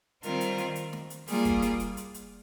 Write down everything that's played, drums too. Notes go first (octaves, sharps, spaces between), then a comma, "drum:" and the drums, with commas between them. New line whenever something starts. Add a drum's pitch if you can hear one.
D#3 G3 C4 F4 A#4, drum: hi-hat
drum: hi-hat
drum: hi-hat
drum: hi-hat
drum: snare
drum: hi-hat
G3 A#3 F4 G#4, drum: open hi-hat
drum: kick, hi-hat
drum: hi-hat
drum: hi-hat
drum: hi-hat
drum: hi-hat